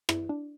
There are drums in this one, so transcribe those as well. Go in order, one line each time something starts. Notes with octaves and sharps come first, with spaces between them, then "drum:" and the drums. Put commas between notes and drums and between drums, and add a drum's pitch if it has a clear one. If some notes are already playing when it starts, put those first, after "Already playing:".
E4, drum: rim click
D4